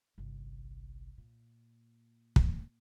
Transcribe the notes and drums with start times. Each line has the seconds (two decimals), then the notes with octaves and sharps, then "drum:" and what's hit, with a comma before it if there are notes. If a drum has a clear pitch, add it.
0.18 G1 C2
1.18 A#2
2.36 drum: kick